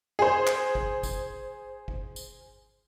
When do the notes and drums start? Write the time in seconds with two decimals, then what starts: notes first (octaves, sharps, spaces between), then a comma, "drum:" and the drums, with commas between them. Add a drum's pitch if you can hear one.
0.19 G#4 C5
0.47 drum: clap
0.75 drum: kick G#1
1.03 drum: kick G#1, tambourine
1.88 drum: kick G#1
2.16 drum: tambourine